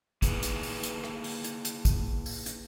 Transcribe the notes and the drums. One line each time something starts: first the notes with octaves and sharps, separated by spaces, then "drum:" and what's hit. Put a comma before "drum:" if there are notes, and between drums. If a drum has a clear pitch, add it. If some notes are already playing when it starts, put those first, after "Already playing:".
A#3 E4 G#4 B4, drum: kick, hi-hat
drum: hi-hat
drum: open hi-hat
drum: hi-hat
drum: rim click
drum: open hi-hat
drum: hi-hat
drum: hi-hat
drum: kick, hi-hat
drum: open hi-hat
drum: hi-hat